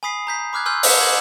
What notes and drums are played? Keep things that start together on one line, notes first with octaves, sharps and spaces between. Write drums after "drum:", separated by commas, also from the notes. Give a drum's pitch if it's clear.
G#5 B5 D#6 B6 C7
A#5 G6 B6
B5 D6 F6 F#6 G#6
G#5 C6 E6 F6 G6
B5 D#6 E6 B6 C#7 E7, drum: open hi-hat
D6 G#6 F#7